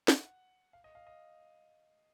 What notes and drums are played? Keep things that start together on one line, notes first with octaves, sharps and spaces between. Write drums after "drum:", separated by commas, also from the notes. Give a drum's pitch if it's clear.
F#5, drum: snare
F5
D#5
F5
D#5